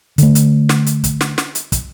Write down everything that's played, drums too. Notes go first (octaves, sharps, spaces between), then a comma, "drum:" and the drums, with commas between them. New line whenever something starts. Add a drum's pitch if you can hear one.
D3 A3, drum: hi-hat
drum: hi-hat
drum: snare
drum: hi-hat
drum: kick, hi-hat
drum: snare
drum: snare
drum: hi-hat
drum: kick, hi-hat